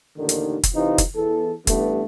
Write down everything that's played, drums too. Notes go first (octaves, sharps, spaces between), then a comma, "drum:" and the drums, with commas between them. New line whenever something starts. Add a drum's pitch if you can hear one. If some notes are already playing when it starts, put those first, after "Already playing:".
A1 D#2 D3 D#3
drum: hi-hat
drum: kick, hi-hat
C3 E3 D#4 F4
drum: kick, hi-hat
E2 A4
A1 G2 A3 B3, drum: kick, hi-hat